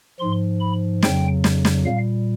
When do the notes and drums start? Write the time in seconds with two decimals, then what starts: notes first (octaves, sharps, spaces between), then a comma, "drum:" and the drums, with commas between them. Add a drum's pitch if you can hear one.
0.20 G#2 F3 C6
0.61 B5
1.02 F2 C#3 F#3 G5, drum: snare
1.44 drum: snare
1.65 drum: snare
1.85 A#2 G3 F5